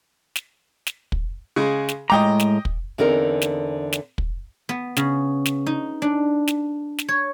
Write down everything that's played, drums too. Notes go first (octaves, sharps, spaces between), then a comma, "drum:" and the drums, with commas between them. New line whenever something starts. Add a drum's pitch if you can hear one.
drum: snare
drum: snare
drum: kick
C#3 G#3
drum: snare
A2 G#3 D#5 G5 A#5 D6
drum: snare
drum: kick
E2 D3 C4 D#4 G#4 A#4
drum: snare
drum: snare
drum: kick
B3
C#3, drum: snare
drum: snare
D#4
D4
drum: snare
drum: snare
C#5